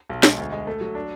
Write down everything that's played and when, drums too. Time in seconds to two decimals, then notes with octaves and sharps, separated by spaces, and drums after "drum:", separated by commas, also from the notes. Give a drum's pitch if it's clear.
0.09 B1
0.23 G#3, drum: snare
0.38 D2
0.52 G#3
0.67 A3
0.81 F#3
0.95 D4